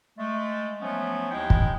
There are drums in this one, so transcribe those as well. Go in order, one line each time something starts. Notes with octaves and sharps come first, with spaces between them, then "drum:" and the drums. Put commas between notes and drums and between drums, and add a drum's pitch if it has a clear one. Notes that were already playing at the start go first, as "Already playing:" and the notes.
G#3 A3
F3 F#3 A3 B3 C#4
D#2 G#3 D#4 E4 G5
drum: kick